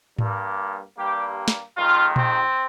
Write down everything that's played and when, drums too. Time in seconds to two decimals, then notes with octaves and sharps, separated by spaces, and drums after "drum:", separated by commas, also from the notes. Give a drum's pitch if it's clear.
0.18 G2 G3 A#3, drum: tom G#2
0.97 G2 G3 A#3 G4
1.48 drum: snare
1.76 F2 D#3 G#3 F4
2.16 C4, drum: tom A#2